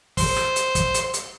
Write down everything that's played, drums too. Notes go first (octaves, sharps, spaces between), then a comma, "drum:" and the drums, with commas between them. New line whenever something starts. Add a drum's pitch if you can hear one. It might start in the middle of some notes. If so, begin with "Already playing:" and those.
C5, drum: kick, open hi-hat
drum: rim click
drum: hi-hat
drum: kick, hi-hat
drum: hi-hat
drum: hi-hat